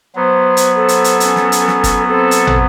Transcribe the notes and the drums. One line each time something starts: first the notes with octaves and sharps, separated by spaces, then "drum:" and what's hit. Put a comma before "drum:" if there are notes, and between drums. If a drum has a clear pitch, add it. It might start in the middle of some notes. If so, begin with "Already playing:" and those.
F#3 B3 C5
drum: hi-hat
A4 C5
drum: hi-hat
drum: hi-hat
C#4, drum: hi-hat
drum: snare
drum: hi-hat
drum: snare
drum: kick, hi-hat
C4 A4
drum: hi-hat
drum: tom